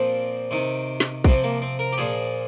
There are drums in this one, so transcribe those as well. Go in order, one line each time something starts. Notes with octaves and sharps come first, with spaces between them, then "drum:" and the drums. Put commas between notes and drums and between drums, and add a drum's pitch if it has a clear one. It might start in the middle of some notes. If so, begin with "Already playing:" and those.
Already playing: A#2 F3 C4
C3 D#3
drum: snare
C3 F3 C4, drum: kick A#1
A#3
C4
A#4
G4
A#2 F3 G#4